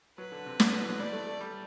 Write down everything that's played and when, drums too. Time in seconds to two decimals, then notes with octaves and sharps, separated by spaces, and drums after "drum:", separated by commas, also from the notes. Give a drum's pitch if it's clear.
0.18 F#3 B4
0.32 D3
0.46 C3
0.60 B2, drum: snare
0.69 D3
0.80 E3
0.89 F#3
1.00 G3 D5
1.13 A3
1.26 A3
1.41 G3